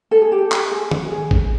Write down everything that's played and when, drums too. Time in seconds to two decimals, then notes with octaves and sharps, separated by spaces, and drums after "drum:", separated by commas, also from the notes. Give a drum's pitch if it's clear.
0.11 A4
0.22 G#4
0.32 G4
0.52 drum: clap
0.71 G#4
0.91 drum: tom D#3
1.12 G#4
1.31 drum: kick A1